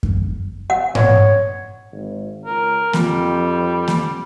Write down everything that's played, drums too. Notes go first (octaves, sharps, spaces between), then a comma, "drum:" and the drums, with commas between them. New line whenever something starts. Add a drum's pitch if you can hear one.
drum: kick F#2
F#5
C#5, drum: tom G#2
G#1
C#2 A#4
F2 G3, drum: snare A#3
drum: snare A#3